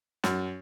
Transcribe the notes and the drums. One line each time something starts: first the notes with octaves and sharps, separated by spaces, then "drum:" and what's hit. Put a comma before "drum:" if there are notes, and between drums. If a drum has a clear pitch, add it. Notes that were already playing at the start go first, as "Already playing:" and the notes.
F#2, drum: snare